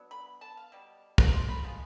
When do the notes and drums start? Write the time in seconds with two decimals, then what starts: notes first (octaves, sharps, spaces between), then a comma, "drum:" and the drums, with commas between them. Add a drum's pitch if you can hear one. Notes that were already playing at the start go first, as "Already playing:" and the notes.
Already playing: F#3 B3 D4
0.11 B5
0.41 A5
0.57 F5
0.72 B2 G3
1.18 A#5, drum: kick
1.33 C6
1.49 B5
1.64 F3 G#3